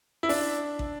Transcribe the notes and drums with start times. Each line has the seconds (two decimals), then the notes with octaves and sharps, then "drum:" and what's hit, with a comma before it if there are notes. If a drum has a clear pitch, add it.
0.23 E4
0.29 D4, drum: open hi-hat
0.79 drum: kick